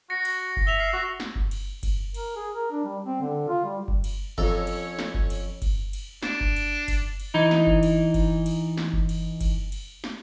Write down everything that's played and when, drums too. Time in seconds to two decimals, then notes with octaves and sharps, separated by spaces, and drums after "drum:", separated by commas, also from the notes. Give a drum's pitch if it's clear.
0.10 F#4 A#6 C#7
0.25 drum: cymbal
0.57 drum: kick F#1
0.67 E5 F7 G7
0.79 E6 F6 C7
0.93 F#4
1.20 drum: snare
1.36 drum: kick F#1
1.51 drum: cymbal
1.83 drum: kick F#1, cymbal
2.14 A#4, drum: cymbal
2.36 G#4
2.54 A#4
2.71 D4
2.84 G3
3.05 C4
3.21 D3
3.48 F4
3.64 G3
3.88 drum: kick F#1
4.04 drum: cymbal
4.38 F2 C#4 A4 C#5 A#5, drum: kick F#1
4.67 drum: cymbal
4.99 drum: snare
5.14 drum: kick F#1
5.30 drum: cymbal
5.62 drum: kick F#1, cymbal
5.93 drum: cymbal
6.23 D4, drum: snare
6.41 drum: kick F#1
6.56 drum: cymbal
6.88 drum: kick F#1, cymbal
7.20 drum: cymbal
7.34 E3 D#4
7.51 drum: snare
7.67 drum: kick F#1
7.83 drum: cymbal
8.14 drum: kick F#1, cymbal
8.46 drum: cymbal
8.77 drum: snare
8.93 drum: kick F#1
9.09 drum: cymbal
9.41 drum: kick F#1, cymbal
9.72 drum: cymbal
10.04 drum: snare